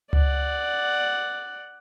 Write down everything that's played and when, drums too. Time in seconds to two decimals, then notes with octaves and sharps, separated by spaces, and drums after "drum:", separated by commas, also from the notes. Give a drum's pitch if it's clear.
0.13 D5 F#5, drum: tom C#2